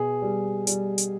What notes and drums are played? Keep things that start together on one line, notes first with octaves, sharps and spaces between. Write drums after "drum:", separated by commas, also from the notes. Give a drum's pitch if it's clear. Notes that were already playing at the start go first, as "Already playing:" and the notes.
Already playing: B2 G#4
G3
G3, drum: hi-hat
drum: hi-hat